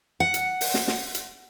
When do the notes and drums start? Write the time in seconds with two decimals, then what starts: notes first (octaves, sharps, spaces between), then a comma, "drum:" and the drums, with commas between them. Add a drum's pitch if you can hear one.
0.20 F#5
0.34 drum: hi-hat
0.61 drum: open hi-hat
0.74 drum: snare
0.88 drum: snare
1.15 drum: hi-hat